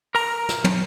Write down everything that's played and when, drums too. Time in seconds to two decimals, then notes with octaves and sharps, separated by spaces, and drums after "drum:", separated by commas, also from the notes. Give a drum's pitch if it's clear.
0.15 A#4 A#5, drum: open hi-hat
0.49 drum: snare
0.64 drum: tom